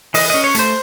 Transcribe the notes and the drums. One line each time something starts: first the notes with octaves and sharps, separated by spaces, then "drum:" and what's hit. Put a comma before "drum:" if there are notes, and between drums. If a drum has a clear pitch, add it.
E3 D#5, drum: open hi-hat
C#4 D#5
C#5
A3 C5, drum: hi-hat